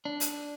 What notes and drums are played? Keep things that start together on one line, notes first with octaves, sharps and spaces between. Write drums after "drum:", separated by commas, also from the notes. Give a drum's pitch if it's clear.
D4
drum: hi-hat